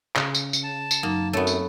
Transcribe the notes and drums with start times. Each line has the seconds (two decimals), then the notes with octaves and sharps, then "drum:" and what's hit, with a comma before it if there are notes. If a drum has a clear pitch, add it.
0.16 C#3, drum: clap
0.35 drum: tambourine
0.53 drum: tambourine
0.63 A5
0.91 drum: tambourine
1.03 F#2 F#3 A#3 D#4
1.33 F#2 A3 B3 C4 C#5 A6
1.47 drum: tambourine